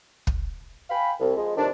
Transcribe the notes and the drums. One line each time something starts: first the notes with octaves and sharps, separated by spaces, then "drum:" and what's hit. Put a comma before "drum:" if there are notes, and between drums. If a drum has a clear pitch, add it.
drum: kick
F5 G5 G#5 B5
C2
F3 G#3
F2 A2 C3 D#3 D4